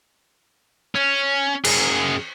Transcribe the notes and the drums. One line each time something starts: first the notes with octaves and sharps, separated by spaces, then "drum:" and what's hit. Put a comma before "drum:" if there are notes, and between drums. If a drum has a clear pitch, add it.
C#4
F#2 G#4, drum: cymbal